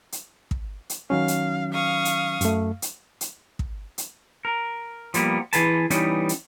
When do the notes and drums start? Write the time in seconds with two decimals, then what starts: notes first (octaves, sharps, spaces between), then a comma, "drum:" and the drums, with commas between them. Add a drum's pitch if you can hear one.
0.12 drum: hi-hat
0.51 drum: kick
0.90 drum: hi-hat
1.10 D#3 F#3 C#4 F5
1.28 drum: hi-hat
1.72 F5 C#6 D#6
2.05 drum: hi-hat
2.41 F#2 A3, drum: hi-hat
2.82 drum: hi-hat
3.21 drum: hi-hat
3.59 drum: kick
3.98 drum: hi-hat
4.45 A#4
5.14 F3 G3 A#3 B3, drum: hi-hat
5.53 E3 G#4 B4 A5, drum: hi-hat
5.90 E3 G3 B3 C#4 D#4, drum: hi-hat
6.29 drum: hi-hat